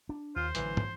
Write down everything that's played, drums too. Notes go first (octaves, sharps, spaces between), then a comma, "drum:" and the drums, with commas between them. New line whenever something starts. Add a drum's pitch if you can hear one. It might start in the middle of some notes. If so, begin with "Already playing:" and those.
D4
D#2 F4 C5
A1 D3 E3 F#3, drum: hi-hat
drum: tom